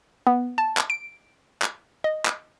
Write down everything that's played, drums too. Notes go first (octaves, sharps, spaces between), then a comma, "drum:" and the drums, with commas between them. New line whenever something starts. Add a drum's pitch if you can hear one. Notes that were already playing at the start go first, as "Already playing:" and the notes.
B3
A5
drum: clap
D7
drum: clap
D#5
drum: clap